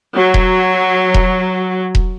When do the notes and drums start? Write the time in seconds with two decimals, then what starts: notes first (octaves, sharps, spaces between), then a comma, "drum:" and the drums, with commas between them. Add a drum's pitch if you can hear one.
0.14 F#3
0.34 drum: kick E1
1.14 drum: kick E1
1.95 drum: kick E1